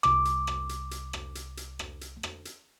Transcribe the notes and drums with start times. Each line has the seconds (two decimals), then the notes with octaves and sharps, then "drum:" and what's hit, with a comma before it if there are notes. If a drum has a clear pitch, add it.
0.03 C2 D6, drum: rim click
0.25 drum: hi-hat
0.47 drum: rim click
0.69 drum: hi-hat
0.91 drum: hi-hat
1.13 drum: rim click
1.35 drum: hi-hat
1.57 drum: hi-hat
1.79 drum: rim click
2.01 drum: hi-hat
2.23 drum: rim click
2.45 drum: hi-hat